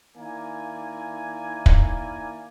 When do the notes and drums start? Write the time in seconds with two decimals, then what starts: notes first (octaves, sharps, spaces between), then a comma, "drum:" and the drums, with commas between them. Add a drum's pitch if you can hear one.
0.17 D#3 A#3 E4 D5 G#5
1.66 drum: kick